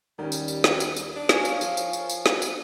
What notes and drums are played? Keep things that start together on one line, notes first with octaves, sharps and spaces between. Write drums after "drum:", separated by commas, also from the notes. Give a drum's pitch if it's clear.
D#2 D#3 G3 C#4
drum: tambourine
drum: tambourine
drum: snare
drum: tambourine
drum: tambourine
D4
A#4 C#5 F5 G#5, drum: snare
drum: tambourine
F3, drum: tambourine
drum: tambourine
drum: tambourine
drum: tambourine
drum: snare
drum: tambourine